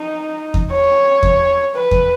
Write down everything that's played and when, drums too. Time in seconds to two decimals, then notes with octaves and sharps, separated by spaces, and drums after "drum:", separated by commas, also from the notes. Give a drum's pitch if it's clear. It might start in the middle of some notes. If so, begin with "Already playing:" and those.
Already playing: D#4
0.54 drum: kick E2
0.72 C#5
1.23 drum: kick E2
1.75 B4
1.91 drum: kick E2